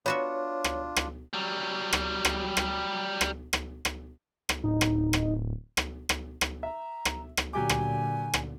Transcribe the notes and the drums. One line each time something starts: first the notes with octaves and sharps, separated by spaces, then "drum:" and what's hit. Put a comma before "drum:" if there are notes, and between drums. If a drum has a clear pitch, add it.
B3 D4 F4 F#4 C#5 E5
drum: rim click
drum: rim click
F#3 G3
drum: rim click
drum: rim click
drum: rim click
drum: rim click
drum: rim click
drum: rim click
drum: rim click
D1 D#4
drum: rim click
drum: rim click
drum: rim click
drum: rim click
drum: rim click
E5 A#5
drum: rim click
drum: rim click
A#2 D3 F#3 G4 G#5 D6
drum: rim click
drum: rim click